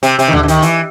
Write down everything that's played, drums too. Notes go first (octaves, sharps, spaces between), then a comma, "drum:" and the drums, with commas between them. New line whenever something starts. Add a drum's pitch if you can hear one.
C3, drum: hi-hat
C3, drum: hi-hat
D#3
D3, drum: tom D2
D3
D#3, drum: hi-hat
E3, drum: hi-hat